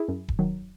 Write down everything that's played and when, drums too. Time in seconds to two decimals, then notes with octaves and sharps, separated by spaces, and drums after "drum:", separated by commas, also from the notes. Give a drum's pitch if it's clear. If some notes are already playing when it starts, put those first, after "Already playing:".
Already playing: E4 G#4
0.08 F#2
0.28 drum: kick D#1
0.39 D#3 F#3